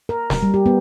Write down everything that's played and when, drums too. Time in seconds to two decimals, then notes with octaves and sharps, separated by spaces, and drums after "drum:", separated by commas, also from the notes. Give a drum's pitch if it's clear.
0.09 A#4
0.30 A#4, drum: snare
0.43 G3
0.54 G4
0.66 B3